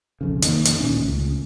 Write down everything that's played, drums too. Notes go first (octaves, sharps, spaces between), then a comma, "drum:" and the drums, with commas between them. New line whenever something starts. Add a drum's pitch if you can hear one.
B1 F2 C#3
D#3 A#3, drum: hi-hat
drum: hi-hat
D2 A#2 C#4
C#2